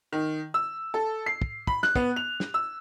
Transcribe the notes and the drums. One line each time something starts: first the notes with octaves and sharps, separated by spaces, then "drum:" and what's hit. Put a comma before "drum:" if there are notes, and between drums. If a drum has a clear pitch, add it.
D#3
E6
A4
C7
drum: kick
B5, drum: kick
F#6, drum: snare
B3, drum: kick
F7
drum: snare
E6